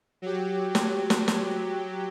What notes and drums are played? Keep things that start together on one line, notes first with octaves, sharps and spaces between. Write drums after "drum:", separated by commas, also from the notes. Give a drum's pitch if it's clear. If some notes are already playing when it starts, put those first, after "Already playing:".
F#3 G4
drum: snare
drum: snare
drum: snare